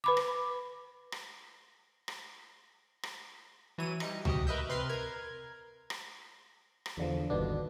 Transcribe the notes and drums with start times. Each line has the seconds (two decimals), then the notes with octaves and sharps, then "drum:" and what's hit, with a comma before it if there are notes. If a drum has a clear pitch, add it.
0.04 B4 B5 D6
0.17 drum: rim click
1.12 drum: rim click
2.08 drum: rim click
3.03 drum: rim click
3.78 E3 F#3 C#5 D#7
4.00 G3 D#4 C#7, drum: rim click
4.25 F#4 G4 D#5, drum: tom C#2
4.47 A#4 B4 D#5 E5 G6
4.69 C3 B4 C6 F6
4.89 A#4 G#6
5.90 drum: rim click
6.86 drum: rim click
6.97 E2 D3 F3
7.30 G1 D#2 B2 B3 D4